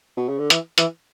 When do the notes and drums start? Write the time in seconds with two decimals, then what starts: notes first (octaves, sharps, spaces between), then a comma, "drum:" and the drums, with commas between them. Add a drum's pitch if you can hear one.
0.17 B2
0.29 C#3
0.39 D3
0.50 E3, drum: hi-hat
0.78 E3, drum: hi-hat